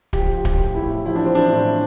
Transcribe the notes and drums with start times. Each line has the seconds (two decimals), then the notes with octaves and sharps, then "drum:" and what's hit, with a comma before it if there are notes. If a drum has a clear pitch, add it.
0.13 F3 G4, drum: kick D1
0.36 F3
0.45 G4, drum: kick D1
0.60 A2
0.75 E4
0.82 A2
1.06 F3 E4
1.15 D4
1.25 F3 C4
1.35 D4
1.52 A2